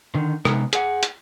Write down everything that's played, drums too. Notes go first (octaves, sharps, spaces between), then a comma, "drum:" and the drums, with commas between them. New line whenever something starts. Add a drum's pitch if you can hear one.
D3 D#3
C3 G#3 B3 D#4, drum: rim click
G#4 F#5, drum: hi-hat
drum: hi-hat